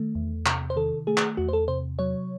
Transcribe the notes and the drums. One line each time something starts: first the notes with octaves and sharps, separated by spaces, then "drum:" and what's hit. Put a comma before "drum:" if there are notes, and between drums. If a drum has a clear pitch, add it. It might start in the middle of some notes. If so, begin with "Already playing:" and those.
Already playing: D#3 A3
E2
C3, drum: clap
C5
D#3 A4
A3 G#4
drum: clap
E2 F#4
C5
A4
C3 C5
F#3 C#5